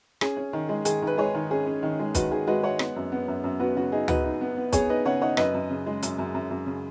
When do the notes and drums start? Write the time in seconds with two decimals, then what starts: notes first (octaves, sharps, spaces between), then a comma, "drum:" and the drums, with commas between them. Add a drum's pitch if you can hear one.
0.21 C#4 G#4, drum: rim click
0.37 C#4
0.53 D#3
0.69 G#3
0.85 D#3 G#4, drum: hi-hat
1.02 D#3 B4
1.17 G#3 G#4 C#5
1.34 D#3
1.50 C#4 G#4
1.66 C#4
1.83 D#3
1.99 G#3
2.15 D#3 F#4 B4, drum: kick, hi-hat
2.31 D#3 G#4
2.47 G#3 F#4 B4
2.63 G#3 C#5 F#5
2.79 B3, drum: rim click
2.96 F#2
3.12 B3
3.28 F#2
3.44 F#2
3.60 B3 F#4 B4
3.76 C#3 F#4
3.92 D#4 G#4
4.08 D#4 F#4 B4, drum: tom D2
4.24 D#4
4.41 B3
4.57 B3
4.72 B3 G#4 C#5, drum: kick, hi-hat
4.89 D#4 B4 D#5
5.05 C#3 C#5 F#5
5.21 D#4 C#5 F#5
5.37 F#2 B4 D#5, drum: rim click
5.54 F#2
5.70 C#3
5.86 G#3
6.02 F#2, drum: hi-hat
6.18 F#2
6.34 F#2
6.51 F#2
6.66 C#3